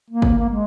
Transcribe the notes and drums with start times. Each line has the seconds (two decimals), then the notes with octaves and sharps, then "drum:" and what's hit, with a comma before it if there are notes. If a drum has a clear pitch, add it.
0.10 A#3
0.22 drum: kick
0.39 A#3
0.50 G#3